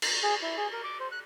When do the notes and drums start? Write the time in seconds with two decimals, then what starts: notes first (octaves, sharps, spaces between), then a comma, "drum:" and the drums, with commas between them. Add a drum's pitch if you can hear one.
0.02 drum: cymbal
0.23 G#4
0.42 E4
0.57 G#4
0.73 A#4
0.84 D6
1.00 C5
1.12 F#6